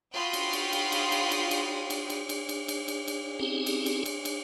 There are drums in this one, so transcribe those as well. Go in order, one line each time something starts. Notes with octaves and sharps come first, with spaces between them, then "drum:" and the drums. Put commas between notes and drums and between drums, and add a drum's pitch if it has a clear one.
F4 F#4 G5 B5 C6 D#6
drum: cymbal
drum: cymbal
drum: cymbal
drum: cymbal
drum: cymbal
drum: cymbal
drum: cymbal
drum: cymbal
drum: cymbal
drum: cymbal
drum: cymbal
drum: cymbal
drum: cymbal
drum: cymbal
C4 C#4 D#4 G4 G#4
drum: cymbal
drum: cymbal
drum: cymbal
drum: cymbal